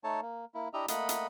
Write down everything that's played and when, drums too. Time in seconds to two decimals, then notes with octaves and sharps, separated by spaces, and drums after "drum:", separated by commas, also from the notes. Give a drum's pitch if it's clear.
0.04 A3 D#4 A4 C#5 A5
0.22 A#3
0.54 A#3 E4
0.73 D4 E4 G4 D#5 E5 A#5
0.88 A3 A#3 D#5 F#5 B5, drum: hi-hat
1.09 drum: hi-hat